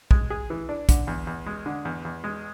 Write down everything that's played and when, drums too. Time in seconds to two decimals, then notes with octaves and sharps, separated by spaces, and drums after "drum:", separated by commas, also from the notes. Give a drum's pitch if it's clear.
0.11 G#3, drum: kick
0.30 G#4
0.50 E3
0.69 D4
0.89 D3, drum: kick, hi-hat
1.07 E2
1.27 E2
1.46 G#3
1.66 D3
1.85 E2
2.05 E2
2.24 G#3